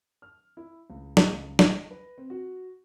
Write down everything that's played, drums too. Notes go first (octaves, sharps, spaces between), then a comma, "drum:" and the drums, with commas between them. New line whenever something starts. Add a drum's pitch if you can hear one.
F6
E4
C#2
drum: snare
C#2
A#6, drum: snare
B4
C4
F#4